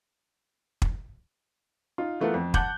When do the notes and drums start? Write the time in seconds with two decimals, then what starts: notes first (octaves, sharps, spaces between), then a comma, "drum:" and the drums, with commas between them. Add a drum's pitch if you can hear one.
0.82 drum: kick
1.98 D#4 F4
2.21 E3 A3 B3 F4 A#4
2.34 F2
2.54 F#5 A5 D6 F#6 G6 F#7, drum: kick